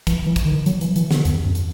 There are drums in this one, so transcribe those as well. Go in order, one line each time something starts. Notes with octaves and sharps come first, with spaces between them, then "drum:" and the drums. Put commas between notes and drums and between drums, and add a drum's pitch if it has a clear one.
E3, drum: kick, hi-hat
E3
drum: kick, hi-hat
D#3
F#3, drum: hi-hat
E3, drum: hi-hat
E3, drum: hi-hat
D#3, drum: snare
E2, drum: hi-hat
F#2
drum: hi-hat